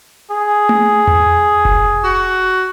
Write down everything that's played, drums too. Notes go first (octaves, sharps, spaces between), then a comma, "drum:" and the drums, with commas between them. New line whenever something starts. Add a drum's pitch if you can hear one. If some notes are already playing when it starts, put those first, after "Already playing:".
G#4
drum: tom A3
drum: tom E2
drum: kick F1
F#4